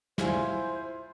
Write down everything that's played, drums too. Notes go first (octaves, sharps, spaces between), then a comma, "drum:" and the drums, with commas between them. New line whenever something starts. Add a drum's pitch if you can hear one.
E4 F4 C5 G#5, drum: snare